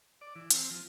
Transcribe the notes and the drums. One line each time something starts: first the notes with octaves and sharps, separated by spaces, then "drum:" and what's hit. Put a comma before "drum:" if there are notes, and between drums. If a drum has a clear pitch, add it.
D5
E3
C4, drum: hi-hat
F3